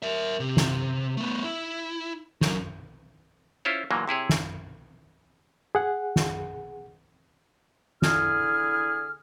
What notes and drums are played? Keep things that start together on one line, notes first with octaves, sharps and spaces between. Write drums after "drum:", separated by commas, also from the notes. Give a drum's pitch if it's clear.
A#4 E5
C3
drum: snare
A3 B3
E4
F#2, drum: snare
C#4 E4 F4 C5 C#5
A#2 D3 E3 F#3 A#3
C3 E4 G#4 C#5
drum: snare
G#4 F#5
drum: snare
D3 E4 G#4 F6, drum: snare